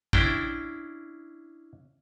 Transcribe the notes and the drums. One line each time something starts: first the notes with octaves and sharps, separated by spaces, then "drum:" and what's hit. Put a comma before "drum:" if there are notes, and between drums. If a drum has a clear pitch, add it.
C#4 D4 E4 G5, drum: kick